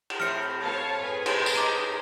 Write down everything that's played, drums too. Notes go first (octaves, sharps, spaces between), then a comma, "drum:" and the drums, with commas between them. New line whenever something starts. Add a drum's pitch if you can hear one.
drum: cymbal
A2 C4 F6 C#7
C#5 F5 A5
G#4 B4 G#5
drum: cymbal
drum: tambourine
D#4 A#5 D6